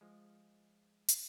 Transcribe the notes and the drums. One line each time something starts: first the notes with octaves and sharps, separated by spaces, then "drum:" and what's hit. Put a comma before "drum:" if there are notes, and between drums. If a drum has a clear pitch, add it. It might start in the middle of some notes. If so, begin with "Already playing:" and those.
F3 G#3
drum: hi-hat